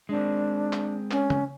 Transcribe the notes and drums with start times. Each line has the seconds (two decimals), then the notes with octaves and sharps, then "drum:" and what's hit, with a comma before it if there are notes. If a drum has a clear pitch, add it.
0.09 G#3 C4 D4
0.73 drum: clap
1.11 C#4, drum: clap
1.30 drum: tom C#3